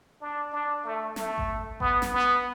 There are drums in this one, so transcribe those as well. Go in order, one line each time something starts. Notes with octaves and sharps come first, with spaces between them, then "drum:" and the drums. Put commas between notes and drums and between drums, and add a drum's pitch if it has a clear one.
D4
D4
A3
A3, drum: snare
drum: kick G#1
B3, drum: kick G#1
drum: snare
B3